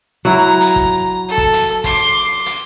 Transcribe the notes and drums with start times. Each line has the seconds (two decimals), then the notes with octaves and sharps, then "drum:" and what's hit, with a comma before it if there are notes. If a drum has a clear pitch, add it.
0.25 F#3 E4 A#5
0.60 drum: hi-hat
0.76 drum: kick
1.29 A4
1.38 drum: kick
1.53 drum: hi-hat
1.84 C6 D6, drum: kick, hi-hat
2.46 drum: hi-hat